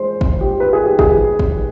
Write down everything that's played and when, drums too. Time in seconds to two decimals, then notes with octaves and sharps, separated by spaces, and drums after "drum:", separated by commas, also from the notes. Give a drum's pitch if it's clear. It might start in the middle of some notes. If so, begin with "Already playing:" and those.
Already playing: G#3 C5
0.21 drum: kick
0.41 G4
0.60 B4
0.73 G#4
0.86 G4
0.99 G#4, drum: kick
1.39 drum: kick